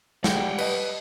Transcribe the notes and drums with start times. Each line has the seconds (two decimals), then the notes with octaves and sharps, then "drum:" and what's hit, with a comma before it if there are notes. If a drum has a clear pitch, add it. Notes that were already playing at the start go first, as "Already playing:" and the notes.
0.24 G3 F#5 G5, drum: snare
0.58 B4 D#5, drum: cymbal